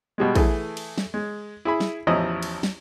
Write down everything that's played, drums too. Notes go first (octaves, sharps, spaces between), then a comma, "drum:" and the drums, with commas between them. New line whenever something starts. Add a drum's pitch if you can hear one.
B2 G3 G#3
E3 A3 G#4, drum: kick, cymbal
drum: cymbal
drum: snare
G#3
E4 G#4 B5
drum: snare
A1 E2 F3 E4 D#5 A#5
drum: cymbal
drum: snare